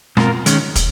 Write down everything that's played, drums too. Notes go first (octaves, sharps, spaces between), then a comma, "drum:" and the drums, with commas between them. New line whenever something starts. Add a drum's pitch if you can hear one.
B2 G#3 C4 F4 A#4, drum: rim click
D#3 G#3 C#4, drum: hi-hat
drum: kick, hi-hat